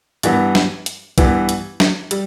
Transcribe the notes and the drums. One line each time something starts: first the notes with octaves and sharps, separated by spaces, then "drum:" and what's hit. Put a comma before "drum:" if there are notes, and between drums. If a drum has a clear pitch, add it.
G2 E3 B3, drum: hi-hat
drum: snare
drum: hi-hat
G2 E3 B3, drum: kick, hi-hat
drum: hi-hat
drum: snare
G3, drum: hi-hat